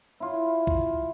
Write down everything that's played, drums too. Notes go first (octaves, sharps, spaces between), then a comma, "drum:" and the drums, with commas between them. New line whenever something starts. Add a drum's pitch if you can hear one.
E4 F4
drum: kick B1